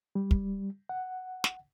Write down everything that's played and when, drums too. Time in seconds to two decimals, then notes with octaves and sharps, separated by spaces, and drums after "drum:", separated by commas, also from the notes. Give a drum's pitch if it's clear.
0.15 G3
0.31 drum: kick
0.89 F#5
1.44 drum: snare